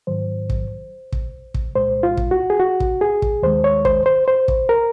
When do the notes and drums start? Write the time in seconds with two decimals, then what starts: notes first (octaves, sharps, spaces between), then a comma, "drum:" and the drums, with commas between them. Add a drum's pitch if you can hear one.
0.07 G#2 D#3 F#3 C5
0.50 drum: kick
1.12 drum: kick
1.54 drum: kick
1.75 C2 A#2 G#3 C5
2.03 F4
2.17 drum: kick
2.31 F#4
2.50 G#4
2.60 F#4
2.80 drum: kick
3.01 G#4
3.22 drum: kick
3.43 D#2 D#3 G#3 C5
3.64 C#5
3.85 C5, drum: kick
4.06 C5
4.28 C5
4.48 drum: kick
4.69 A#4